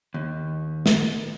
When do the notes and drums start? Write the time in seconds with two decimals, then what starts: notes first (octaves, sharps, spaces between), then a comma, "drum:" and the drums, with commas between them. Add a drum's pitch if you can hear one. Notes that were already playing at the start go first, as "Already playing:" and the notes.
0.14 D#2
0.86 drum: snare